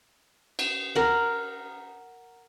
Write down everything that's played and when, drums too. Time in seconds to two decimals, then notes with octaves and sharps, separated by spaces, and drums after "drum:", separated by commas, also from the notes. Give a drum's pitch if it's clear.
0.59 drum: cymbal
0.95 A#4 F#5, drum: rim click